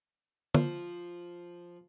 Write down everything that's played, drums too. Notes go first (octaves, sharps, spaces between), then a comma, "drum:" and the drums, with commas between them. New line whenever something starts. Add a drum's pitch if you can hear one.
F3, drum: tom D3